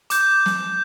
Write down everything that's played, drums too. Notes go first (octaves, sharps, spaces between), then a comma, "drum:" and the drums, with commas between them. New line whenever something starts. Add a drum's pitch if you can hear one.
D6 G6, drum: hi-hat
drum: snare